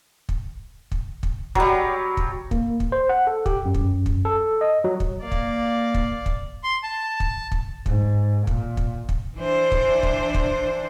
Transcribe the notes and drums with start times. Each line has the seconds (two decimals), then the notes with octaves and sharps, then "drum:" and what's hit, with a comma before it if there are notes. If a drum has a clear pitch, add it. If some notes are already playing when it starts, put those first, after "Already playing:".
0.29 drum: kick
0.92 drum: kick
1.23 drum: kick
1.55 F#3 G3, drum: kick
2.17 drum: kick
2.51 A#3, drum: kick
2.80 drum: kick
2.92 C5
3.09 F#5
3.27 A4
3.46 G4, drum: kick
3.65 F#2
3.74 drum: kick
4.06 drum: kick
4.25 A4
4.61 D#5
4.84 F#3
5.00 drum: kick
5.22 A#3 D5 F5
5.32 drum: kick
5.94 drum: kick
6.26 drum: kick
6.64 C6
6.83 A5
7.20 drum: kick
7.52 drum: kick
7.86 G#2, drum: kick
8.47 A#2, drum: kick
8.77 drum: kick
9.09 drum: kick
9.35 E3 D4 C5
9.72 drum: kick
10.03 drum: kick
10.34 drum: kick